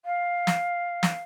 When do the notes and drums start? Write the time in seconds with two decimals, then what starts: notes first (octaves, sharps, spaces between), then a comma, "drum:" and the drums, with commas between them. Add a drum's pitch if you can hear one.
0.05 F5
0.47 drum: snare
1.03 drum: snare